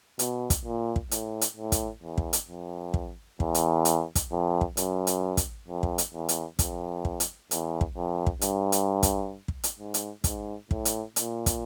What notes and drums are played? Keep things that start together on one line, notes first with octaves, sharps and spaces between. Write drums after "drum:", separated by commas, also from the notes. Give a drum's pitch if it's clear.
B2, drum: hi-hat
drum: kick, hi-hat
A#2
drum: kick
A2, drum: hi-hat
drum: hi-hat
A2
drum: kick, hi-hat
E2
drum: kick
drum: hi-hat
F2
drum: kick
E2, drum: kick
drum: hi-hat
drum: hi-hat
drum: kick, hi-hat
F2
drum: kick
F#2, drum: hi-hat
drum: hi-hat
drum: kick, hi-hat
F2
drum: kick
drum: hi-hat
E2
drum: hi-hat
F2, drum: kick, hi-hat
drum: kick
drum: hi-hat
E2, drum: hi-hat
drum: kick
F2
drum: kick
G2, drum: hi-hat
drum: hi-hat
drum: kick, hi-hat
drum: kick
drum: hi-hat
G#2
drum: hi-hat
G#2, drum: kick, hi-hat
A2, drum: kick
drum: hi-hat
A#2, drum: hi-hat
drum: kick, hi-hat